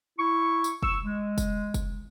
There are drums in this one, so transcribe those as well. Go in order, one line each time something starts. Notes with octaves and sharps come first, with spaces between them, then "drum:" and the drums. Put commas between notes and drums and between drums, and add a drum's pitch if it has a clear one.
E4 C#6
drum: tambourine
C#6 E6, drum: kick
G#3
drum: kick, tambourine
drum: kick, tambourine